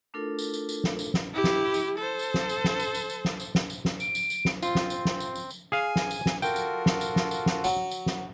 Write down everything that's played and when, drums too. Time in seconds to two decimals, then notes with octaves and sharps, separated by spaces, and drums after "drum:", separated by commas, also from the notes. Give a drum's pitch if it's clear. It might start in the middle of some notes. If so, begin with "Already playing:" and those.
0.14 A3 D4 E4 F4 A4 A#4
0.39 drum: tambourine
0.54 drum: tambourine
0.69 drum: tambourine
0.84 drum: snare
0.99 drum: tambourine
1.14 drum: snare
1.33 E4 G4
1.44 drum: snare
1.74 drum: tambourine
1.98 A4 C5
2.19 drum: tambourine
2.34 drum: snare
2.49 drum: tambourine
2.64 drum: snare
2.79 drum: tambourine
2.95 drum: tambourine
3.10 drum: tambourine
3.25 drum: snare
3.40 drum: tambourine
3.55 drum: snare
3.70 drum: tambourine
3.85 drum: snare
4.00 D7, drum: tambourine
4.15 drum: tambourine
4.30 drum: tambourine
4.45 drum: snare
4.62 C4 F4, drum: tambourine
4.75 drum: snare
4.90 drum: tambourine
5.05 drum: snare
5.20 drum: tambourine
5.35 drum: tambourine
5.50 drum: tambourine
5.72 G#4 F5 G#5
5.96 drum: snare
6.11 drum: tambourine
6.26 drum: snare
6.42 F4 F#4 A4 A#4 G5, drum: tambourine
6.56 drum: tambourine
6.86 drum: snare
7.01 drum: tambourine
7.16 drum: snare
7.31 drum: tambourine
7.46 drum: snare
7.64 F#3, drum: tambourine
7.91 drum: tambourine
8.06 drum: snare